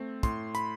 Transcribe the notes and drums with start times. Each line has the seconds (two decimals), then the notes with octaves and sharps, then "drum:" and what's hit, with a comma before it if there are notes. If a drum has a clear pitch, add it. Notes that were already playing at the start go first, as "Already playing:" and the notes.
Already playing: A3 C4
0.23 A2 C6, drum: kick, hi-hat
0.55 B5, drum: hi-hat